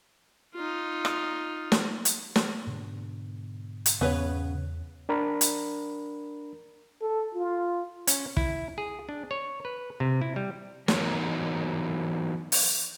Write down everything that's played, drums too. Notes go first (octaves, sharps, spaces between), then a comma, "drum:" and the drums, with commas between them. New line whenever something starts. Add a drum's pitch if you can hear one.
D#4 F4
drum: rim click
drum: snare
drum: hi-hat
drum: snare
G#2 B2 D3
drum: hi-hat
E2 C#3 B3 B4 C#5
D4 A#4 A#5 B5
drum: hi-hat
A4
F4
C#4, drum: hi-hat
E4, drum: kick
G#4
D4
C#5
B4
C3
E4
G3
E3 F#3 B3 D#4 A#4 C#5, drum: snare
drum: open hi-hat